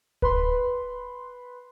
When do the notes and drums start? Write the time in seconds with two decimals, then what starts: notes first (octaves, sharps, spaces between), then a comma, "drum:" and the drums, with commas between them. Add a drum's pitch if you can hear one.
0.22 B4 B5 C6, drum: kick D1